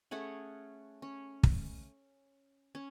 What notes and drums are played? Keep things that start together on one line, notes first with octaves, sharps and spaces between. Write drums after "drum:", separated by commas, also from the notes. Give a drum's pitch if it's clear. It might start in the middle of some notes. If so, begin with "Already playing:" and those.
A3 C#4 G#4 F#5
C#4
drum: kick
C#4